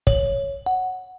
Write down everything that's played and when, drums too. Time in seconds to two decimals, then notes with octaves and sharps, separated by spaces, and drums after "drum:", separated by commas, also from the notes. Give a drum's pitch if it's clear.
0.07 C#5, drum: kick
0.66 F#5